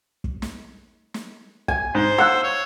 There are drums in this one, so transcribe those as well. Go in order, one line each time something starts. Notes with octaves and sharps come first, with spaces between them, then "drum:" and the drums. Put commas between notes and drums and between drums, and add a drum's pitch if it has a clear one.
drum: kick
drum: snare
drum: snare
G#5, drum: kick
G#2 C5
F5 F#5 E6 F#6
C#5